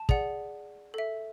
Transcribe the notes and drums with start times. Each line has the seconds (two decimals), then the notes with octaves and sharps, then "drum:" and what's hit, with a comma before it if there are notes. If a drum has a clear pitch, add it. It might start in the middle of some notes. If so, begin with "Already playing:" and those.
Already playing: A5
0.09 G#4 D5 F#5, drum: kick
0.94 A4 E5